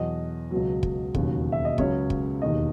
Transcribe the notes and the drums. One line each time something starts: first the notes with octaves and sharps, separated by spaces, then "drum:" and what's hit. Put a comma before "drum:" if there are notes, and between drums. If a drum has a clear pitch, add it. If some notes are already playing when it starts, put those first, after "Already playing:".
Already playing: E2 B2 F#3 D#5
C#2 B2 F#3
drum: kick
E1 D#2 C#3 F#3, drum: kick
E5
D#5
C#2 C#3 F#3 C#5, drum: kick
drum: kick
E1 D#2 D#3 D#5